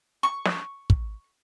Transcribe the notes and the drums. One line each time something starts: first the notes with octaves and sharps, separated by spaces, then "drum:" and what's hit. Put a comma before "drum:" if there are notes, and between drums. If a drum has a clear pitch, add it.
C#6
drum: snare
drum: kick